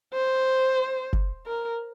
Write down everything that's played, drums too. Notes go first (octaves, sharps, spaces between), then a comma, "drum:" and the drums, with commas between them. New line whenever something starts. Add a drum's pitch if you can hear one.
C5
drum: kick F#1
A#4